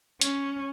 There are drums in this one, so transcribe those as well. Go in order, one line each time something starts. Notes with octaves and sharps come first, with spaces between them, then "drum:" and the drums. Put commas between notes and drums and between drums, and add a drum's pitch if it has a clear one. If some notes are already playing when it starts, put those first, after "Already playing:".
C#4, drum: hi-hat